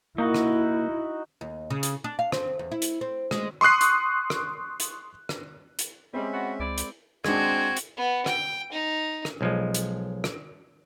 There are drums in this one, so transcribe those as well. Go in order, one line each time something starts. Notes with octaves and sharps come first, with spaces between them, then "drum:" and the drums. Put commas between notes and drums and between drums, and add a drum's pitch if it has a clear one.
A#3 D#4 E4 F#4
drum: rim click
D#2
C#3
drum: hi-hat
D4
F5
C4, drum: rim click
E2
E4
drum: hi-hat
C4
G#3, drum: rim click
C6 C#6 D#6 F#6 C7
drum: hi-hat
drum: rim click
drum: hi-hat
drum: rim click
drum: hi-hat
G3 G#3 C4 C#4 E5
B3 F#4
C#2 E4 D5
drum: hi-hat
G#3 C4 D4 F#4 G#6, drum: rim click
drum: hi-hat
B3
G5, drum: rim click
D#4
drum: rim click
B1 F3 G#3
drum: hi-hat
drum: rim click